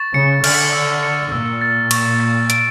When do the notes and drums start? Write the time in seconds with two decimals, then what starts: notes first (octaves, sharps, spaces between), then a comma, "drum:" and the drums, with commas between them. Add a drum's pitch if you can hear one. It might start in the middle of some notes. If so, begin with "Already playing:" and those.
Already playing: C#6 A6
0.14 C#3 C#7
0.44 D3 F6, drum: cymbal
0.73 E6
1.03 C#7
1.32 A#2 E6
1.61 A6
1.91 C#6, drum: cymbal
2.20 A6
2.50 D7, drum: hi-hat